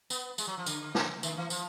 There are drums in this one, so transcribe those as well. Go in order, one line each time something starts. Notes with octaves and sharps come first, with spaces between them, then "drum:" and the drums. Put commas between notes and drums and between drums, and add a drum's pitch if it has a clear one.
B3, drum: tambourine
G#3, drum: tambourine
F#3
F3
D3, drum: tambourine
drum: snare
D#3, drum: tambourine
E3
F3, drum: tambourine